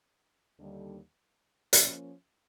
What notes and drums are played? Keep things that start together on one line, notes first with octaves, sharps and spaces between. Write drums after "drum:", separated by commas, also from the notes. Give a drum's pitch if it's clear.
D#2 D3 G3
F3 A#3 C#4, drum: hi-hat